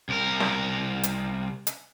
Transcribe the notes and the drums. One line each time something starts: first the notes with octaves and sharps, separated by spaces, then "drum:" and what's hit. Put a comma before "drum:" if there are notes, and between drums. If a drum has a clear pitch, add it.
C2 A#4
drum: snare
drum: hi-hat
drum: hi-hat